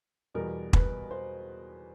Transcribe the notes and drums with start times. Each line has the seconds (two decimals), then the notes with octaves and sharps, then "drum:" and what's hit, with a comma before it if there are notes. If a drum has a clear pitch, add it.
0.35 E2 B2 G3 A#4
0.73 B4, drum: kick
1.11 C5